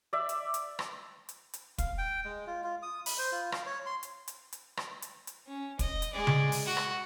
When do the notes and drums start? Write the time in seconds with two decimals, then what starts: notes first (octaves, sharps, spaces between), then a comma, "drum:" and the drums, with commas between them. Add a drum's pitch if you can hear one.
0.13 D5 E5
0.29 drum: hi-hat
0.54 drum: hi-hat
0.79 drum: rim click
1.29 drum: hi-hat
1.53 drum: hi-hat
1.78 F5, drum: kick, hi-hat
1.98 G5
2.25 G#3
2.47 F4
2.64 F4
2.83 D#6
3.06 B5, drum: open hi-hat
3.18 C5
3.32 F4
3.52 F5, drum: rim click
3.66 C#5
3.86 C6
4.03 drum: hi-hat
4.28 drum: hi-hat
4.52 drum: hi-hat
4.77 drum: rim click
5.02 drum: hi-hat
5.27 drum: hi-hat
5.47 C#4
5.79 D#5, drum: kick, hi-hat
6.02 drum: hi-hat
6.13 G#3 D5
6.27 drum: tom C#3
6.52 drum: open hi-hat
6.66 F#4
6.77 drum: rim click